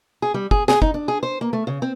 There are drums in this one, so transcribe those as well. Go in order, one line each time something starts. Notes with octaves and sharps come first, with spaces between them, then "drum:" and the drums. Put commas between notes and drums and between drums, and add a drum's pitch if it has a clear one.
G#4
G3
G#4, drum: kick
G#4, drum: snare
D#4, drum: kick
D4
G#4
C5
A#3
A3
C#3
C4